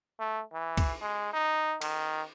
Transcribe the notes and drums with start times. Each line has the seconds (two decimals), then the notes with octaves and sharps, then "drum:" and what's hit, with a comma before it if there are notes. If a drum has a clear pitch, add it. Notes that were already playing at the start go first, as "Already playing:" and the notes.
0.19 A3
0.53 E3
0.77 drum: kick, cymbal
1.02 G#3
1.33 D#4
1.82 D#3, drum: cymbal